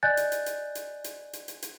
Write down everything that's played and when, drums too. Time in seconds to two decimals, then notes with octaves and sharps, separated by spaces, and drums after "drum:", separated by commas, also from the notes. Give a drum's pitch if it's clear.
0.03 D5 D#5 G#5 F#6 G6 A6
0.17 drum: hi-hat
0.32 drum: hi-hat
0.46 drum: hi-hat
0.75 drum: hi-hat
1.04 drum: hi-hat
1.33 drum: hi-hat
1.48 drum: hi-hat
1.62 drum: hi-hat